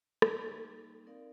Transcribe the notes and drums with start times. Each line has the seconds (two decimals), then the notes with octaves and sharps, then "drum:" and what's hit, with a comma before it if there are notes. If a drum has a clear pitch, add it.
0.22 G3 A#3 D#4, drum: rim click
1.05 C4 D#4 A#4 D5 F5